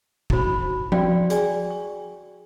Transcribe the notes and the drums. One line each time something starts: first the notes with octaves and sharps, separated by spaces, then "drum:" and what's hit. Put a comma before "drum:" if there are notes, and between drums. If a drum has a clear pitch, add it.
D#4 E4 F#4 C5 B5, drum: kick
F#4 D5 F5 G5 C6, drum: tom F3
G#4 D5 G#5, drum: hi-hat
C#6